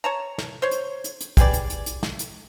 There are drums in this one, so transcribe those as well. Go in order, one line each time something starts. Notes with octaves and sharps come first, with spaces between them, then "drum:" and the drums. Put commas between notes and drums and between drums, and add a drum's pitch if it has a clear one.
C#5 A5 A#5
drum: snare
C5 C#5
drum: hi-hat
drum: hi-hat
drum: hi-hat
G4 G#4 B4 D5, drum: kick, hi-hat
drum: hi-hat
drum: hi-hat
drum: hi-hat
drum: snare
drum: hi-hat